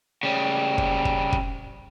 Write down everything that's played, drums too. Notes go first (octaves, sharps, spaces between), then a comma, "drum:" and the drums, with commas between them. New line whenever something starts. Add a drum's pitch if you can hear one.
C#3 G3
drum: kick
drum: kick
drum: kick